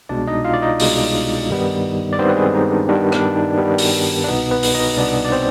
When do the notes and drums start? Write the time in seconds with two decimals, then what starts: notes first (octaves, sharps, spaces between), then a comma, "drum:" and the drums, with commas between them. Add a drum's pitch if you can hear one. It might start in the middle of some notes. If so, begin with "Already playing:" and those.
0.09 C2 B2 G#3 D4 D5
0.27 D#4 D#5
0.45 F4 F5
0.53 D5
0.62 D#4 D#5
0.79 C2 B2 G#3, drum: open hi-hat
1.49 G2 D#3 G3 B3
2.13 D5
2.18 G2 D#3 G3 B3 C4 C5
2.29 B4
2.36 G#3 G#4
2.54 D#4
2.71 D4
2.89 G2 D#3 G3 B3 D4
3.12 D4, drum: rim click
3.35 D#4
3.58 G2 D#3 G3 B3
3.78 drum: open hi-hat
4.24 D4
4.28 C2 B2 B3 D#4
4.51 B3 B4
4.63 drum: open hi-hat
4.74 D#4 D#5
4.98 C2 B2 B3 D4 D5
5.25 D5
5.32 C4 C5